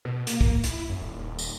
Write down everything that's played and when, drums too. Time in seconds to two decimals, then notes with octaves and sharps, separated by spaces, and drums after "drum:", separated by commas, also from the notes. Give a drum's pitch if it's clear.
0.05 B2
0.27 A#3, drum: hi-hat
0.41 drum: kick
0.64 E4, drum: hi-hat
0.89 F#2
1.02 D#1
1.39 drum: tambourine